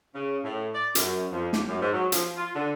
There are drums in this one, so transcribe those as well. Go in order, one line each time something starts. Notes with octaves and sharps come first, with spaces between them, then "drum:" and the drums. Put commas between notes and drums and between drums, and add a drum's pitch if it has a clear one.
C#3
A2
D5
F#2, drum: hi-hat
F2
G4, drum: snare
F#2
G#2
F#3
F3, drum: hi-hat
F4
D3